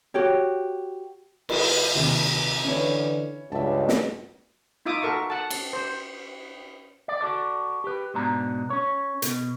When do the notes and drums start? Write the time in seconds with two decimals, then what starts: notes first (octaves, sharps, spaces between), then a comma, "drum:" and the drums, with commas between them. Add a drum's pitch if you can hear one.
0.14 F#4 G4 C#5
1.49 drum: cymbal
1.95 D#2 C3
2.64 D3 E3 C#4 E4 C#5
3.52 C#2 G2 E5 A5
3.88 drum: snare
4.86 D#4 F4 E5 D6 D#6
5.02 F#4 A4 A#4 E5 C#6
5.30 F#5 A5
5.50 drum: cymbal
5.73 C5
7.08 D5
7.21 F#4 A4 D5
7.84 G4 B4
8.14 G#2 B2 D4 A#5
8.70 C#4 C#5
9.22 B2, drum: hi-hat